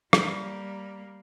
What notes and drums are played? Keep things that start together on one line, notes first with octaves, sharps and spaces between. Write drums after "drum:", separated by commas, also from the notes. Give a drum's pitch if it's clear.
G3 A#3, drum: rim click